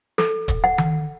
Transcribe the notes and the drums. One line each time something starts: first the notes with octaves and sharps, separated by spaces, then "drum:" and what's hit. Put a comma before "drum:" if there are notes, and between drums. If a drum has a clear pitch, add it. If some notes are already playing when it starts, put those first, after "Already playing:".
A4, drum: snare
drum: kick, hi-hat
F#5
drum: tom D#3